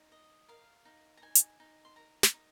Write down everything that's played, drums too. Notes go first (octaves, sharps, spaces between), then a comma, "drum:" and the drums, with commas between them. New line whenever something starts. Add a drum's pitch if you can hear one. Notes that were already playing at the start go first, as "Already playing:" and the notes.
Already playing: D#4
D#5
A#4 F5
D#4
A#5
D#4 G#5
drum: hi-hat
D#4
C6
A#4 A#5
drum: snare
D#4